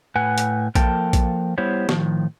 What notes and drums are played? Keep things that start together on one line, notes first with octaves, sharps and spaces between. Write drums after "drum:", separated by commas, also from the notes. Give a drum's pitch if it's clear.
A2 B4 F#5 G#5
drum: hi-hat
F3 A#3 A4 A#4 G5 A5, drum: kick A#1, hi-hat
drum: kick A#1, hi-hat
G3 B3 E4 G4 C5 C#5
A2 D#3 F3, drum: snare